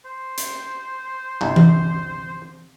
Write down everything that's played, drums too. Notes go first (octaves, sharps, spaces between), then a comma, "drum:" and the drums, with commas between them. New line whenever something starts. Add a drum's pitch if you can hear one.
C5
drum: hi-hat
G1 C2
drum: tom E3